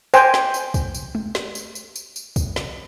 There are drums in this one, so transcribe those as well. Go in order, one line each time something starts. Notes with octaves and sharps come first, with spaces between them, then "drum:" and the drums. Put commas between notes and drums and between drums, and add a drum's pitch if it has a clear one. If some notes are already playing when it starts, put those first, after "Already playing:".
C5 G5 G#5, drum: tambourine
drum: snare
drum: tambourine
drum: kick, tambourine
drum: tambourine
drum: tom
drum: snare
drum: tambourine
drum: tambourine
drum: tambourine
drum: tambourine
drum: kick, tambourine
drum: snare